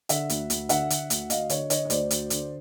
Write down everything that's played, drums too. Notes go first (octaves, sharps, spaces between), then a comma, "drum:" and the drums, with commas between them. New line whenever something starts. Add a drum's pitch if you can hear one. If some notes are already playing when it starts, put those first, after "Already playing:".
D3 E5 F#5, drum: hi-hat
D2, drum: hi-hat
D2, drum: hi-hat
D3 E5 F#5, drum: hi-hat
D3, drum: hi-hat
D2, drum: hi-hat
D2 D#5 F5, drum: hi-hat
D3 C#5 D#5, drum: hi-hat
D3 C#5 D#5, drum: hi-hat
D#5
D2 C5 D5, drum: hi-hat
D2, drum: hi-hat
D3, drum: hi-hat